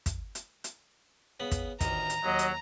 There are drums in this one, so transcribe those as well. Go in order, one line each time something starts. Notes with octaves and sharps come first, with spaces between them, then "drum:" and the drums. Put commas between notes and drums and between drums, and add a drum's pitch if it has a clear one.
drum: kick, hi-hat
drum: hi-hat
drum: hi-hat
C#3 B3 B5
drum: kick, hi-hat
A1 D2 D#3 A#5, drum: kick, hi-hat
drum: hi-hat
D#2 F#3 D#5
drum: hi-hat